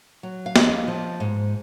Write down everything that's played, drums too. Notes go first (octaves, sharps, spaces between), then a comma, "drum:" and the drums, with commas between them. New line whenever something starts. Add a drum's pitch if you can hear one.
F#3
F5
F2 D#5, drum: snare
F3
G#2